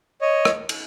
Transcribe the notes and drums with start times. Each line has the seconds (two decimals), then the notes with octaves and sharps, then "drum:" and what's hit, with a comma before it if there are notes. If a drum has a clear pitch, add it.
0.21 C#5 D#5
0.45 drum: rim click
0.69 drum: cymbal